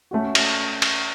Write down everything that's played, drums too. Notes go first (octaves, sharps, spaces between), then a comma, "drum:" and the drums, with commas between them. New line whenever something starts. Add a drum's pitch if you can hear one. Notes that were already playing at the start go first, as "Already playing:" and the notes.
A3 C#4 F#4
drum: cymbal
drum: cymbal